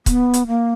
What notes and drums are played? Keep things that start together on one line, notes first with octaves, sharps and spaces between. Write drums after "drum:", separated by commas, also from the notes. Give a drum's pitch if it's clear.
B3, drum: kick C#1, hi-hat
drum: hi-hat
A#3